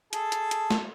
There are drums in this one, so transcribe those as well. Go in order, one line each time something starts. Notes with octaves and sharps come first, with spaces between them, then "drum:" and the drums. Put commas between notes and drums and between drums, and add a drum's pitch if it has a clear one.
G#4 A4 A5, drum: hi-hat
drum: hi-hat
drum: hi-hat
drum: snare